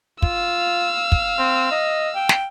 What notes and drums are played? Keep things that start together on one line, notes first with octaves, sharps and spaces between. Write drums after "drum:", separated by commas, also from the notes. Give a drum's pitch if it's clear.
F4 F5 E6, drum: kick
drum: kick
C4
D#5
G5
drum: snare